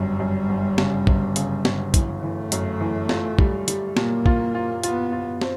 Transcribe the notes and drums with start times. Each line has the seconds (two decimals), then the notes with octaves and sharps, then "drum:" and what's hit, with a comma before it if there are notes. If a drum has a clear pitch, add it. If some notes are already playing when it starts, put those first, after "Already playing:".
Already playing: G1 F#2 G3
0.20 F#2
0.49 G1
0.78 C#3, drum: snare
1.07 G1, drum: kick
1.36 C#3, drum: hi-hat
1.65 G1, drum: snare
1.94 E3, drum: kick, hi-hat
2.23 E3 A3
2.52 F#2, drum: hi-hat
2.80 E3
3.09 F4, drum: snare
3.39 G3, drum: kick
3.68 G3, drum: hi-hat
3.97 A#2 A#3, drum: snare
4.26 F4, drum: kick
4.55 F4
4.84 B3 F4, drum: hi-hat
5.12 F4
5.42 C4, drum: snare